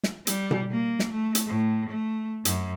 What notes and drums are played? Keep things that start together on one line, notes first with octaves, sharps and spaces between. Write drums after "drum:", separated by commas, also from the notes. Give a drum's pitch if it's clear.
drum: snare
G3, drum: hi-hat
drum: tom B2
A#3
drum: snare
A3
drum: hi-hat
A2
A3
F#2, drum: hi-hat